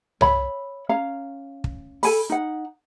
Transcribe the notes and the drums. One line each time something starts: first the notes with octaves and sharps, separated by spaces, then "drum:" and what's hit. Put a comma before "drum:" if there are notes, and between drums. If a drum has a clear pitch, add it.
C#5 E5 B5, drum: tom C2
C#4 F5 A#5
drum: kick
A4 G#5 B5, drum: open hi-hat
D#4 F#5